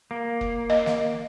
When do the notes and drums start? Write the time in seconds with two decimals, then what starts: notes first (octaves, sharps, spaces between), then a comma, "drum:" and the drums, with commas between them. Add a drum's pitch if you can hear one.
0.11 A#3
0.41 drum: kick
0.70 D#5
0.86 drum: snare